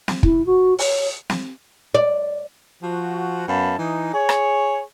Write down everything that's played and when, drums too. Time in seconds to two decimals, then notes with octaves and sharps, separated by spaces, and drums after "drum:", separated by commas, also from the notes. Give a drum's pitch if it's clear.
0.08 drum: snare
0.23 E4, drum: kick
0.46 F#4
0.79 C#5, drum: open hi-hat
1.30 drum: snare
1.94 D5
2.83 F3 F#4
3.48 F#2 B3 F5 A5 B5
3.78 E3 D#4
4.14 G#4 C#5
4.29 drum: rim click